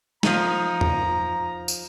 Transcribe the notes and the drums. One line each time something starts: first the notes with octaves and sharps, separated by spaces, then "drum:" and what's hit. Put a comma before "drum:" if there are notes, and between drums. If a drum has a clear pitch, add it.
F3 D#4 A#5, drum: snare
drum: tom E2
drum: tambourine